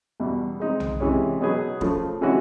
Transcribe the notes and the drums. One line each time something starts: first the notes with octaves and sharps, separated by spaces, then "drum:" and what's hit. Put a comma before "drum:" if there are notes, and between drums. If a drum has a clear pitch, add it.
E2 B2 G3
G#3 C4 D#4
drum: tom B1
C3 E3 G#3 C#4
B2 F#3 B3 D#4 G#4
C#3 F3 A3, drum: kick
C3 E3 G#3 C#4 F#4